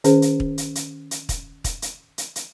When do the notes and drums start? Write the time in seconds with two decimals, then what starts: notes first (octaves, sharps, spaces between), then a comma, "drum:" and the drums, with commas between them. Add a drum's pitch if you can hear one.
0.04 D#3 C#4 G#4 C5, drum: hi-hat
0.22 drum: hi-hat
0.40 drum: kick
0.58 drum: hi-hat
0.75 drum: hi-hat
1.11 drum: hi-hat
1.29 drum: kick, hi-hat
1.64 drum: kick, hi-hat
1.82 drum: hi-hat
2.18 drum: hi-hat
2.36 drum: hi-hat